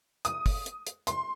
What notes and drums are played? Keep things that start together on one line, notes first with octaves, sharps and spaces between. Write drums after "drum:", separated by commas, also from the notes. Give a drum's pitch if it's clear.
D#6, drum: hi-hat
drum: kick, open hi-hat
drum: hi-hat
drum: hi-hat
C6, drum: hi-hat